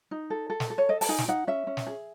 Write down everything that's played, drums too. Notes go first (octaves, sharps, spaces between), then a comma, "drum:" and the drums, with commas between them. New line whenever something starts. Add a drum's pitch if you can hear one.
D#4
A4
A4
drum: snare
A4
C#5
A4 D#5
A5, drum: open hi-hat
D#4 G#5
drum: snare
D#4 F#5
C#4 E5
C#4
drum: snare
G#4